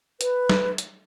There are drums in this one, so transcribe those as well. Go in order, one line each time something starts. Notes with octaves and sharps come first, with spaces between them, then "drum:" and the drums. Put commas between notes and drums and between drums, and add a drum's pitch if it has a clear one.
B4, drum: hi-hat
drum: snare
drum: hi-hat